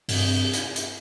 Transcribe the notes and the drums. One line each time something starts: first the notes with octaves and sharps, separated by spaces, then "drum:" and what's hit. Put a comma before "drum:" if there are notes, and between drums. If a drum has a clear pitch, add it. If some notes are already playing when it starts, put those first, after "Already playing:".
G2 C3, drum: open hi-hat
C3
drum: hi-hat
drum: hi-hat